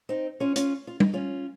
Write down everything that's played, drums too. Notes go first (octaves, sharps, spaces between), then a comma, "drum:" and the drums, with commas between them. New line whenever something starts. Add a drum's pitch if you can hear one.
C4 D#4
C#4 F4
C#4 F4, drum: hi-hat
F4
D#4, drum: tom
C#4 F4